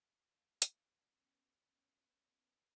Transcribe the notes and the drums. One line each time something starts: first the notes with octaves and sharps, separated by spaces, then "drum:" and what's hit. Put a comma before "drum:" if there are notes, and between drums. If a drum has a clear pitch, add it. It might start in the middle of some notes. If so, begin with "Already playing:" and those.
E2 D5 F5 G#5 A5 E6
drum: hi-hat
B3 C#4 B4